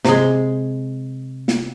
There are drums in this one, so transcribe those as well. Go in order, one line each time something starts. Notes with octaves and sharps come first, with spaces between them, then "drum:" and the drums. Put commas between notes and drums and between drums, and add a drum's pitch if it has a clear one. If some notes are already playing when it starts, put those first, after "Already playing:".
C3 G#3, drum: snare
drum: snare